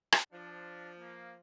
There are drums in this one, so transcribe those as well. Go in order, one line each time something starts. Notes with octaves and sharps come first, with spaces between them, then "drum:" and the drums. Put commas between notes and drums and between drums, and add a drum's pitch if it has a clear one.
drum: rim click
F3 D4
A#3